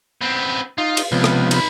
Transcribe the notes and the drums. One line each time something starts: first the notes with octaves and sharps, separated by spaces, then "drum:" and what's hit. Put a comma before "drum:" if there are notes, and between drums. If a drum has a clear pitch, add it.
B3 C4
D#4 F4
drum: cymbal
C#2 C3 F3 B3
drum: rim click
D#4 B5, drum: cymbal